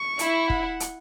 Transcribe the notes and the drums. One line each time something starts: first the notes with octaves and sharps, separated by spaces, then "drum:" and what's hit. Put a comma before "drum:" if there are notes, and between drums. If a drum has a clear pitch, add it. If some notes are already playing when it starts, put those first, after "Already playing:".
Already playing: C#6
E4, drum: hi-hat
F#5, drum: kick
drum: hi-hat